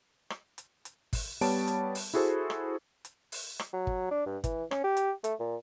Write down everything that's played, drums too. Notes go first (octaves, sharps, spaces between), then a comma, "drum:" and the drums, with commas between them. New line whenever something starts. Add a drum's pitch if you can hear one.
drum: rim click
drum: hi-hat
drum: hi-hat
drum: kick, open hi-hat
G3 B3 C#5 A5 D7, drum: open hi-hat
drum: hi-hat
drum: open hi-hat
E4 F#4 G#4 A4 C5
drum: rim click
drum: hi-hat
drum: open hi-hat
drum: rim click
F#3
drum: kick
D4
G2
E3, drum: kick, hi-hat
C#4, drum: rim click
G4
drum: hi-hat
A3, drum: hi-hat
A#2